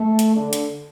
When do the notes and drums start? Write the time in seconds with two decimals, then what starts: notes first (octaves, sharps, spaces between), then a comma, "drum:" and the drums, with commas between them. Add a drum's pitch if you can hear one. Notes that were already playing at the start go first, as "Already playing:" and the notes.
Already playing: A3
0.19 drum: hi-hat
0.36 D3
0.53 drum: hi-hat